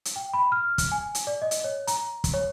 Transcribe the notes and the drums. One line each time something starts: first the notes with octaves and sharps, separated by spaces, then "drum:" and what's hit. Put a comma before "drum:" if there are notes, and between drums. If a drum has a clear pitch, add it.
drum: hi-hat
G5
B5
F6
drum: kick, hi-hat
G#5
drum: hi-hat
D5
D#5
drum: hi-hat
C#5
A#5, drum: hi-hat
drum: kick, hi-hat
C#5